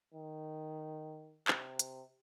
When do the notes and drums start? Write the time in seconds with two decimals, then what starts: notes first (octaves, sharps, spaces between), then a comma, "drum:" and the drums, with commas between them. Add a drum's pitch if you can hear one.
0.14 D#3
1.48 C3, drum: clap
1.79 drum: hi-hat